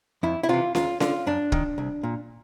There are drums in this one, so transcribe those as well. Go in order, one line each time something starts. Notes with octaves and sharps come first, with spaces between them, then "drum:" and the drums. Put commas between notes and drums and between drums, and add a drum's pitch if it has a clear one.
F2 E4
E4
C3 E3 F4
D#2 F4, drum: snare C#4
D3 F4, drum: snare C#4
F#2 D4
D#3, drum: kick
C2
A#2